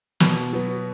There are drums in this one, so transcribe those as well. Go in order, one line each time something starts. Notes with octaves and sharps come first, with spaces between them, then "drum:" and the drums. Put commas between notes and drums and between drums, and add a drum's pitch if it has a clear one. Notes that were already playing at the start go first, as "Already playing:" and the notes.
B2, drum: snare
F#3 B3